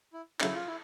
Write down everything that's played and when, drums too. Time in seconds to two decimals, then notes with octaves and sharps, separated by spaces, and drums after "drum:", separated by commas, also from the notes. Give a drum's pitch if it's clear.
0.13 E4
0.40 C#3 F#3 A3 C#4 E4, drum: clap
0.54 F4
0.67 E4